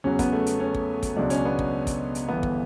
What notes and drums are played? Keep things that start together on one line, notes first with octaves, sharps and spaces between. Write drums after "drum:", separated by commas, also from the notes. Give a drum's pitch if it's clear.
E2 C#3 F#3 C#4
B3, drum: kick, hi-hat
A3
drum: hi-hat
C#4
drum: kick
drum: kick, hi-hat
C#2 B2 F#3 D4
C#4, drum: hi-hat
B3
drum: kick
drum: kick, hi-hat
drum: hi-hat
G1 G2 E3 B3
drum: kick